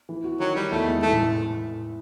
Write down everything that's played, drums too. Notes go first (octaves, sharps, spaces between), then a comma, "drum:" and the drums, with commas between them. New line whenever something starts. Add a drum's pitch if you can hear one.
E3
F#4
D#3 F#3
D#3 G3
E2 A3
G#3
E3 A3
drum: tom A2